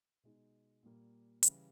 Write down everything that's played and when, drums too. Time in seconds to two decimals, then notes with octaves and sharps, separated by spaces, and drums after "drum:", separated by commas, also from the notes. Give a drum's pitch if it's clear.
0.23 B2 G#3 D#4
0.83 A#2 G3 A#3
1.43 C#3 E3 G3, drum: hi-hat